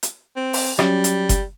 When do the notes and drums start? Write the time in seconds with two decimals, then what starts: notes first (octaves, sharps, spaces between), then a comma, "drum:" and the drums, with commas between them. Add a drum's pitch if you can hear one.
0.03 drum: hi-hat
0.36 C4
0.53 drum: open hi-hat
0.79 F#3 G3 C#4, drum: rim click
1.04 drum: hi-hat
1.29 drum: kick F#1, hi-hat